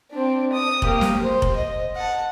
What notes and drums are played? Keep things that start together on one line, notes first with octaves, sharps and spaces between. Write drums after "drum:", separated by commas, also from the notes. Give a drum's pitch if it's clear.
C4 D4
D#6
A#3 G4, drum: kick F1
drum: snare
C5
drum: kick F1
D#5
F#5 A5